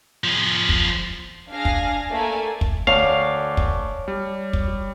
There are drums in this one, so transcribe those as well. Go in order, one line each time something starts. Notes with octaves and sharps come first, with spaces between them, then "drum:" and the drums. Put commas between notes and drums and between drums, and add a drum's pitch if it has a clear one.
F3 G#4
drum: kick
D4 G#4 F5 G#5 A#6
drum: kick
A3 A#3 A4 D5 G#5
drum: kick
D2 C#5 D5 F5 A5
drum: kick
G3
drum: kick